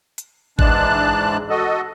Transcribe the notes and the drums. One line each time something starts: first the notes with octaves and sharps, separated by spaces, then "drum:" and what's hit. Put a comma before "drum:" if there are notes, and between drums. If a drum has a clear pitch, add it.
drum: hi-hat
G#2 E3 G#3 D4 A5 F#6, drum: kick G#1
F#4 A4 D#5